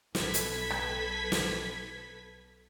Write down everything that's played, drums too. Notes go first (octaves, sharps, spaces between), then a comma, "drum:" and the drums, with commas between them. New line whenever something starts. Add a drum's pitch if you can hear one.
B1 A4 B4 G#6 B6, drum: snare
drum: hi-hat
drum: rim click
drum: snare